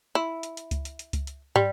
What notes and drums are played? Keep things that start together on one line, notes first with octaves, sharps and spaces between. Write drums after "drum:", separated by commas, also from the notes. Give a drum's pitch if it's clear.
E4
drum: hi-hat
drum: hi-hat
drum: kick C#2, hi-hat
drum: hi-hat
drum: hi-hat
drum: kick C#2, hi-hat
drum: hi-hat
G3, drum: tom